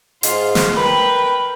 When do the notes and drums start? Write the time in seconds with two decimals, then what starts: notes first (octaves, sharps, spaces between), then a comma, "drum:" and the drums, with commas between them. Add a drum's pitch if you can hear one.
0.23 G#2 F4, drum: hi-hat
0.55 drum: snare
0.76 A#4 B4 G5 B5